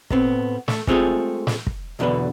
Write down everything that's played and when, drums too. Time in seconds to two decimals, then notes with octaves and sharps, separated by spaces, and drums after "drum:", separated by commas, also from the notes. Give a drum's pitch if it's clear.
0.10 A2 B3 C4, drum: kick
0.68 A3, drum: snare
0.87 G#3 A3 C4 F4 G4 G#4, drum: kick
1.47 drum: snare
1.67 drum: kick
1.99 B1 E2 B2 D3 D4 B4